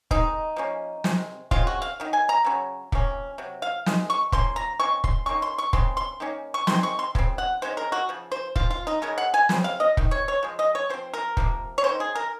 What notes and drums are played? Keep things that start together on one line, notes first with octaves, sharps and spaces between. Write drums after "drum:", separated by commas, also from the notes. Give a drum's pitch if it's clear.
D#3 G#3 C4 D#4, drum: kick
F3 A#3 C#4
C3 D#3 G#3, drum: snare
C#3 G#3 C4 F4, drum: kick
F#4
F5
D#3 F#3
G#5
A#5
C#3 F#3 C#4
C3 F3 A#3 C#4, drum: kick
C3 F#3
F5
D#3 G#3, drum: snare
C#6
F3 A#3 C#4 C6, drum: kick
A#5
C#3 G#3 C4 C#6
C6, drum: kick
D#3 A#3 C#4 C#6
C6
C#6
C#3 G#3 C4 C6, drum: kick
C6
D#3 A#3 C#4
C#6
D#3 G#3 C4 C6, drum: snare
C#6
C6
C#3 F3 C4, drum: kick
F#5
D#3 G#3 C#4 C5
A#4
F#4
C#3 F3
C5
F3 C4 F4, drum: kick
F4
D#4
C#3 G#3 C#4 A#4
F#5
G#5
C#3 F3 C4, drum: snare
F5
D#5
C3 D#3, drum: kick
C#5
C#5
F3 G#3
D#5
C#5
F3 C4 C5
A#4
C3 F3 A#3, drum: kick
C#5
D#3 A#3 C#4 C5
G#4
A#4